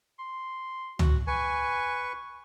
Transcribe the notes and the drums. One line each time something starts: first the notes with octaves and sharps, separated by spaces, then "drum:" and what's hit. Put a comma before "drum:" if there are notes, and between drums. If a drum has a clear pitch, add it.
C6
F#4, drum: tom C#2
B4 G#5 C#6